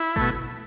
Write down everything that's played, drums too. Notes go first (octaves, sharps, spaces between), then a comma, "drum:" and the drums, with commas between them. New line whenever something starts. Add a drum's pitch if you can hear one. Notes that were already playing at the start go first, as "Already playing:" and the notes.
Already playing: E4
B2 A3, drum: kick G1